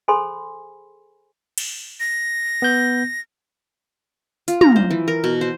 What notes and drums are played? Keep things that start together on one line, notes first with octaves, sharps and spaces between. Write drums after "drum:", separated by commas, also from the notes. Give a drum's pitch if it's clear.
G#4 A4 C5 G#5 B5 C6
drum: cymbal
A#6
B3 G6
F4, drum: hi-hat
A#5, drum: tom
C5
E3
A#4
B2
C5